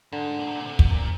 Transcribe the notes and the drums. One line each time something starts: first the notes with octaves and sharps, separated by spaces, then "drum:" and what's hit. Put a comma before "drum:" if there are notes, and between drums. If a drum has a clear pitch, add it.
G#2 D3
A#2
C3
A#2
C3
drum: kick
A#2